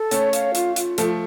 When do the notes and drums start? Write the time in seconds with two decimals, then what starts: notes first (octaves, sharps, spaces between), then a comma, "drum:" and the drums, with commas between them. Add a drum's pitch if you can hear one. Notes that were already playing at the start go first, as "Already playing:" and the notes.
Already playing: A4
0.11 A3 C#4 C#5, drum: hi-hat
0.33 F5, drum: hi-hat
0.55 F4, drum: hi-hat
0.76 F4, drum: hi-hat
0.98 F3 A3 A4, drum: hi-hat